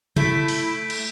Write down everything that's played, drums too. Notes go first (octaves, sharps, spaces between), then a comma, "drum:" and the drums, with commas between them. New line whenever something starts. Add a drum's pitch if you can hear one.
A3 E4 G6 B6 D7, drum: tom C3
drum: open hi-hat
drum: cymbal